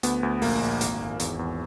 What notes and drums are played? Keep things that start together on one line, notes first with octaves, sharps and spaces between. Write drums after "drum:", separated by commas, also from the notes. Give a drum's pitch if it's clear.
D2 B3, drum: hi-hat
D2
A#1 A#3, drum: open hi-hat
A#1
G#1, drum: hi-hat
G#1
E2, drum: hi-hat
E2